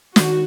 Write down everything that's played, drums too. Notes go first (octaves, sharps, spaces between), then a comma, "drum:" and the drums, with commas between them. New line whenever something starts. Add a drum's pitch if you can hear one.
D#3 F#4, drum: snare